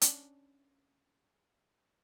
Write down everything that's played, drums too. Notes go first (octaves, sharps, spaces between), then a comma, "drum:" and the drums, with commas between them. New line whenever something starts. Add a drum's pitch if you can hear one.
C#4 D4, drum: hi-hat